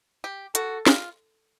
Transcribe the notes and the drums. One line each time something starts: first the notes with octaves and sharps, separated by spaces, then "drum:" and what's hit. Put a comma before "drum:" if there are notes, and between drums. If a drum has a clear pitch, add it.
G4
F#4 A4, drum: hi-hat
F4, drum: snare